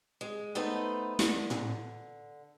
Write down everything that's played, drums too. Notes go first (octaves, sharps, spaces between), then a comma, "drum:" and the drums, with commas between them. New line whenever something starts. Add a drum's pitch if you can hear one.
G#3
A3 B3 D#4 B4 C5
D3, drum: snare
drum: tom A2